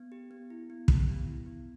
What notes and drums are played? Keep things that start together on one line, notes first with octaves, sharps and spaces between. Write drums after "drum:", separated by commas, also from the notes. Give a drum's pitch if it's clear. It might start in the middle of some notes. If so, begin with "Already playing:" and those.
Already playing: B3
G4
B3
E4
B3
G4, drum: kick
B3
E4
B3